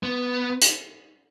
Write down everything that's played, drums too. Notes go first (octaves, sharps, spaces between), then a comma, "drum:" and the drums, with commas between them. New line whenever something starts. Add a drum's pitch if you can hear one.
B3
drum: hi-hat